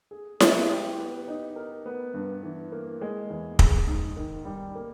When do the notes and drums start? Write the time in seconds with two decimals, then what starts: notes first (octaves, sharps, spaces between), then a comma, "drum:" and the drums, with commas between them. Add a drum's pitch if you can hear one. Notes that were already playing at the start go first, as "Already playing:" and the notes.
0.11 G#4
0.40 G#4, drum: snare E4
0.70 G4
0.98 B3
1.28 D#4
1.56 A#4
1.86 B3
2.14 G2
2.43 E3
2.72 A#3
3.01 G#3
3.30 E2
3.59 G#4, drum: kick
3.87 G#2
4.16 D#3
4.45 G3
4.75 A#3